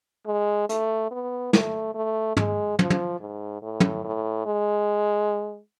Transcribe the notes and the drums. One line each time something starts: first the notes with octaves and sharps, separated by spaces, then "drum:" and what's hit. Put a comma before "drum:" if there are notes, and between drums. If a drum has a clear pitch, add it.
G#3
A3, drum: hi-hat
B3
A3, drum: snare
A3
G#3, drum: tom
F3, drum: tom
drum: tom
G#2
A2
drum: tom
A2
G#3